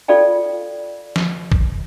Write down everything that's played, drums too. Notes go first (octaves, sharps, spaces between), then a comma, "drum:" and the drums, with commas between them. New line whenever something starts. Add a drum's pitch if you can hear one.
F4 A4 D5 F5 G5
drum: snare
drum: kick A1